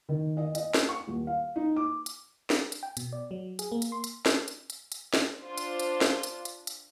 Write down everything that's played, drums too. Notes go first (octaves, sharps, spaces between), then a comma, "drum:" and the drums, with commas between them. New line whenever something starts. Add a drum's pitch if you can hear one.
D#3
D#5
D#5, drum: hi-hat
drum: snare
C#6
D#1
F5
D#4
D6
drum: hi-hat
drum: snare
drum: hi-hat
G5
B2, drum: hi-hat
D5
F#3
G#4, drum: hi-hat
A#3
drum: hi-hat
C6
drum: hi-hat
drum: snare
drum: hi-hat
drum: hi-hat
drum: hi-hat
drum: snare
D4 F4 C5
drum: hi-hat
drum: hi-hat
drum: snare
drum: hi-hat
drum: hi-hat
drum: hi-hat